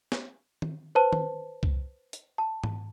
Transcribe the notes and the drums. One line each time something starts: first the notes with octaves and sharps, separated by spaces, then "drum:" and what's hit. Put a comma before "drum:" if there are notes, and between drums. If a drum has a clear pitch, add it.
drum: snare
drum: tom D#3
B4 C5 A5
drum: tom D#3
drum: kick C2
drum: hi-hat
A5
drum: tom G#2